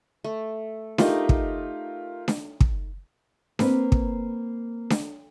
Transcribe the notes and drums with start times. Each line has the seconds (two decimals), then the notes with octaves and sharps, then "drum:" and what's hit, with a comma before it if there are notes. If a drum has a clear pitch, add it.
0.24 A3
0.98 A3 D#4 F4 G4 A#4, drum: snare D4
1.29 drum: kick
2.28 drum: snare D4
2.61 drum: kick
3.59 A#3 C4 B4, drum: snare D4
3.92 drum: kick
4.90 drum: snare D4